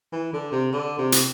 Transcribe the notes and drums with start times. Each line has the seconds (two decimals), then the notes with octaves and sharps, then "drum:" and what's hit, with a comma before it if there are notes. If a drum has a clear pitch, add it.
0.13 E3
0.33 D3
0.52 C3
0.73 D3
0.99 C3
1.12 drum: hi-hat